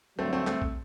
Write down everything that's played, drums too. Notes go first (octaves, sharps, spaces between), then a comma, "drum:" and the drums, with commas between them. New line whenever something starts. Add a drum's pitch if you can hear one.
G2 D3 F#3 A3 C4
A3 C4
A3 C4, drum: clap
drum: kick